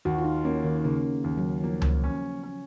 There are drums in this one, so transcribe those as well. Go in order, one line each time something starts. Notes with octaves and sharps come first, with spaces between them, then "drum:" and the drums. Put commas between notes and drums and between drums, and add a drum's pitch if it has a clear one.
D#2 F#4
F4
D#4
A#3 C#4
D#3
C#3 A#3
D#2
F#3
F3 A#3
drum: tom C#2
C#4
C#4